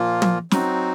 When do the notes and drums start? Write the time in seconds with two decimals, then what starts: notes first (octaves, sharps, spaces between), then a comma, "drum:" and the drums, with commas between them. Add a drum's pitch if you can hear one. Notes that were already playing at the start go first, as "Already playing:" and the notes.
Already playing: A#2 F3 A#3 F4
0.22 drum: tom
0.51 F#3 C4 D#4 F#4, drum: snare